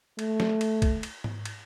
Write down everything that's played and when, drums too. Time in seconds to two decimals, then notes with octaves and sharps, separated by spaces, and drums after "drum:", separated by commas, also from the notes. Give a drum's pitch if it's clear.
0.19 A3, drum: cymbal
0.40 drum: snare
0.61 drum: cymbal
0.82 drum: kick, cymbal
1.03 drum: cymbal
1.24 drum: tom G#2
1.45 drum: cymbal